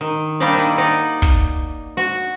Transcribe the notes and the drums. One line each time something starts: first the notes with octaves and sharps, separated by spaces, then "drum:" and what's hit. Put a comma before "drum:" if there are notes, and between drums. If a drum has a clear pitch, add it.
D#3
G3 A#3 D4 D#4 D5
D#3 E4
D#4 D5 F#5
drum: kick
F#4